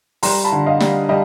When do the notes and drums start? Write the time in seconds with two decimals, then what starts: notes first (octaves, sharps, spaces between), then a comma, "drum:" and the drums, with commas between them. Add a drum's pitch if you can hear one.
0.23 G3 A#5 C6, drum: open hi-hat
0.44 A5 B5
0.52 D3
0.66 D#5 F5
0.80 G3, drum: snare
1.09 G3 D#5